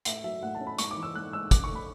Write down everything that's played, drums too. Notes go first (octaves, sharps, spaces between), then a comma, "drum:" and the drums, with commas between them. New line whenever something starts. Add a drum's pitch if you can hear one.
A2 E5, drum: hi-hat
F#3 E5
A2 F#5
A5
C#4
B5
G#2 C#6, drum: hi-hat
D6
E3
E6
G#2 F#6
G#3 E6
D3 D6, drum: kick, hi-hat
C#6
A3
B5